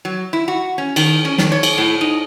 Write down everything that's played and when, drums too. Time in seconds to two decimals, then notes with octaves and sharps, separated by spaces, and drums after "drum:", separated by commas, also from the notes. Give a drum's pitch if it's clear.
0.05 F#3
0.33 E4
0.48 F#4
0.78 C#4
0.96 D#3, drum: cymbal
1.25 C#4
1.38 D#3, drum: snare
1.52 C#5
1.63 drum: cymbal
1.78 A2
2.01 D#4